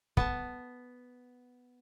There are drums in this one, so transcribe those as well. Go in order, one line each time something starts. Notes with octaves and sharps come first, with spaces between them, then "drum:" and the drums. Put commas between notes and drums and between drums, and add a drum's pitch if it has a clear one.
B3 A5, drum: kick